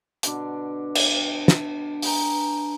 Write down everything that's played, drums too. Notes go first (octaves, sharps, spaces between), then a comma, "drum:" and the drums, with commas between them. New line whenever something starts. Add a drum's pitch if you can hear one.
B2 D3 D4, drum: hi-hat
drum: cymbal
drum: snare
G#4 B4 G5 A#5, drum: open hi-hat